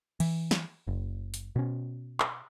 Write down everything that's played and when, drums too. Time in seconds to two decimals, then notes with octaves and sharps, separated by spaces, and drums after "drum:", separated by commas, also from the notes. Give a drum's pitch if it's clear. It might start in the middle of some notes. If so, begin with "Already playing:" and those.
0.20 E3, drum: cymbal
0.51 drum: snare
0.87 F#1
1.34 drum: hi-hat
1.56 B2 C#4
2.20 drum: clap